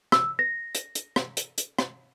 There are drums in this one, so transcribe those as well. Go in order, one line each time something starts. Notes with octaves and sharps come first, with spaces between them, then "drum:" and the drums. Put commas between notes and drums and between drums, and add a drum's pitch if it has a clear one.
E6, drum: rim click
A#6
drum: hi-hat
drum: hi-hat
drum: rim click
drum: hi-hat
drum: hi-hat
drum: rim click